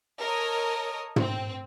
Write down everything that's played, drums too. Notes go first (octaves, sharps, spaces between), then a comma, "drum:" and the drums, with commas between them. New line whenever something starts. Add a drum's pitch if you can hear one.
A4 A#4 C#5 D#5 D#6
C4, drum: tom